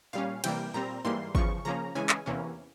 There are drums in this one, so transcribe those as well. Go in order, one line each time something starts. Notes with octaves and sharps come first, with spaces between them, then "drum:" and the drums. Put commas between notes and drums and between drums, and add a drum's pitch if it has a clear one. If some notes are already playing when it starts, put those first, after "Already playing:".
A#2 G3 C#4 F5
C3 E3 G3 A#3 G5, drum: cymbal
A#2 G3 C4 A#5
G#2 E3 G3 A#3 C6
E2 C#3 F3 C#6, drum: kick
C#3 F3 A#3 C#4 A#5
C#3 E3 G#3 C#4 G#5
drum: clap
E2 C3 E3 A#3 C#4